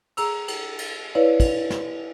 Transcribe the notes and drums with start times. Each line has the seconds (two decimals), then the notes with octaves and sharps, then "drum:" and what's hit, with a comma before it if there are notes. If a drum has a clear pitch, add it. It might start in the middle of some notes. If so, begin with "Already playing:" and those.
0.17 G#4 A#5 E6, drum: cymbal
0.48 drum: cymbal
0.78 drum: cymbal
1.15 E4 B4 C#5 D5 F5
1.40 drum: kick, cymbal
1.70 drum: snare